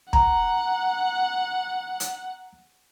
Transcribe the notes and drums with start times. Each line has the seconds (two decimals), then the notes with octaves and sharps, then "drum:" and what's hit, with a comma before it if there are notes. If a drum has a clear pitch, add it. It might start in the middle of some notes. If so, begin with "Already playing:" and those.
0.13 F#5 A#5, drum: kick
2.00 drum: hi-hat